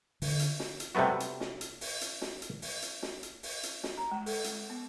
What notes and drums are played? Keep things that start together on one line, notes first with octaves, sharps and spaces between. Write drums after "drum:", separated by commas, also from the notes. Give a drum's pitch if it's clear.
D3, drum: open hi-hat
drum: hi-hat
drum: snare
drum: hi-hat
C3 G3 A3 B3 F#4
drum: hi-hat
drum: snare
drum: hi-hat
drum: open hi-hat
drum: hi-hat
drum: snare
drum: hi-hat
drum: open hi-hat
drum: hi-hat
drum: snare
drum: hi-hat
drum: open hi-hat
drum: hi-hat
drum: snare
A#5
G#3
A4, drum: open hi-hat
G#3, drum: hi-hat
B3